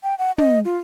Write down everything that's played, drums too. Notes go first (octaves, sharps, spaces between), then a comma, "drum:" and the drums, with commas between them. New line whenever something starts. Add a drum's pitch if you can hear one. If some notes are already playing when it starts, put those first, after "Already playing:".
G5
F#5
D#5, drum: tom
F4